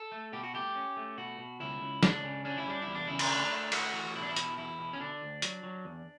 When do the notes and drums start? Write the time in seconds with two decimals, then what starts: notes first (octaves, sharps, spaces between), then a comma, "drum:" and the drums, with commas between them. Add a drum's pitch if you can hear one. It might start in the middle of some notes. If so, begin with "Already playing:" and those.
Already playing: A4
0.12 A3
0.33 B2 G4
0.43 F#4
0.54 A3 G4
0.75 C#4
0.97 A3
1.18 B2 F#4
1.38 B2
1.60 C#2 E4
1.81 C#2
2.03 C#2 D4, drum: snare
2.23 C#3
2.45 C#4 D4
2.58 E4
2.66 G3 D4
2.82 E4
2.87 E2
2.95 D4
3.07 C#3 E4
3.19 D4, drum: cymbal
3.30 A3
3.51 A3
3.72 A3 F#4, drum: cymbal
3.93 E3
4.15 B2 E4
4.23 D4
4.29 E4
4.36 B2, drum: hi-hat
4.58 E2 E4
4.79 B2
4.93 C#4
5.00 D3 D4
5.22 D2
5.42 F#3, drum: hi-hat
5.63 F#3
5.85 E2